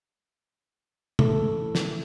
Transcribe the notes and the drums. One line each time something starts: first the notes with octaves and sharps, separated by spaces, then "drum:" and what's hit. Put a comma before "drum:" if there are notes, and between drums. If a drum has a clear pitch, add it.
E3 A3 C#4 E4 A4, drum: tom
drum: snare